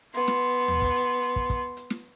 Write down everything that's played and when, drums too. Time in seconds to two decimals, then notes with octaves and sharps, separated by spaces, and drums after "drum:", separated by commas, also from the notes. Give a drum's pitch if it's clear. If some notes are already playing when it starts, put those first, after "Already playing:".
0.14 B3 C6, drum: hi-hat
0.28 drum: snare
0.68 drum: tom D#2
0.82 drum: kick
0.95 drum: hi-hat
1.23 drum: hi-hat
1.36 drum: kick
1.50 drum: kick, hi-hat
1.77 drum: hi-hat
1.90 drum: snare